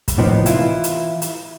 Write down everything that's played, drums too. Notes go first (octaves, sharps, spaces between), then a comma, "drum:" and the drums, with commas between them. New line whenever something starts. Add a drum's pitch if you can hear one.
drum: kick, hi-hat
A2 C3 D#3 F3 B3
E3 E4 F4, drum: hi-hat
drum: hi-hat
drum: hi-hat